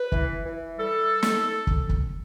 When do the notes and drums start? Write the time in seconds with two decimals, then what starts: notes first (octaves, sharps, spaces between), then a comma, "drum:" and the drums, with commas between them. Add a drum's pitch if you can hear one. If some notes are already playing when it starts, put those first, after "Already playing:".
Already playing: B4
0.12 E3, drum: kick
0.44 E3
0.78 G3 A4
1.22 drum: snare
1.67 drum: kick
1.89 drum: kick